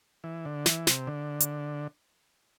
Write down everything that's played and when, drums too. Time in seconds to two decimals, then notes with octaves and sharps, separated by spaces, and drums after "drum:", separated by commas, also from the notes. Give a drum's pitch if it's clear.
0.24 E3
0.45 D3
0.66 E3, drum: snare
0.87 C3, drum: snare
1.07 D3
1.40 drum: hi-hat